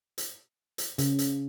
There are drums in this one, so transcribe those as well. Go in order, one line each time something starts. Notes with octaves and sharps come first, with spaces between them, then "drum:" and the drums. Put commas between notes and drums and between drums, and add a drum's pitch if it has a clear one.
drum: hi-hat
drum: hi-hat
C#3, drum: hi-hat
drum: hi-hat